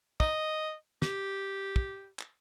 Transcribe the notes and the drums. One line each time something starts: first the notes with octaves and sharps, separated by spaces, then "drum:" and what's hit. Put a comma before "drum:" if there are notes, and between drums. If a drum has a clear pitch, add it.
D#5, drum: kick
G4, drum: snare
drum: kick
drum: clap